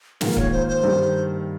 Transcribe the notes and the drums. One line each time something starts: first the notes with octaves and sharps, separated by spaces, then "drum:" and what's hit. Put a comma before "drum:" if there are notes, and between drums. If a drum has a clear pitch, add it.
G#2 D#3 A#3 F4 A#4, drum: snare
C#5, drum: kick C#1
C5
C5
G2 D#3 G3